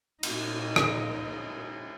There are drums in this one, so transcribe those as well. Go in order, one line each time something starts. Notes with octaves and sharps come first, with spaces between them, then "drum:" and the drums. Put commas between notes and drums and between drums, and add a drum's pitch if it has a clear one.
A#2 D#4, drum: cymbal
drum: rim click